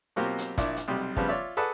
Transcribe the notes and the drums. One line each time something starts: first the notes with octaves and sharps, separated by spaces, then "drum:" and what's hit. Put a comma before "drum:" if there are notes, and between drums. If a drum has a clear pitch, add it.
B2 F#3 A#3 C4 F4 G4
drum: hi-hat
A#1 A#2 D4 E4, drum: kick, hi-hat
drum: hi-hat
B1 C3 G3 G4
C#3 F3 G3 B3, drum: kick
F4 C#5 D5 E5
G#4 A4 B4 D5 F#5 A5